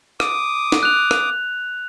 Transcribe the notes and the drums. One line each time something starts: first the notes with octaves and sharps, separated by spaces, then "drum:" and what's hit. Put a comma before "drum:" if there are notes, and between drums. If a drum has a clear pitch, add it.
D6 D#6, drum: rim click
drum: snare
F#6 F7
drum: rim click